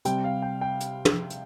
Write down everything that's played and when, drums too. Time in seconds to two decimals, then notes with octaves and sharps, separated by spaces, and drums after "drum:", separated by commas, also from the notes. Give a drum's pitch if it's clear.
0.05 C3 G3 G5, drum: hi-hat
0.24 F5
0.42 G5
0.61 G5
0.80 drum: hi-hat
1.05 drum: tom
1.30 drum: hi-hat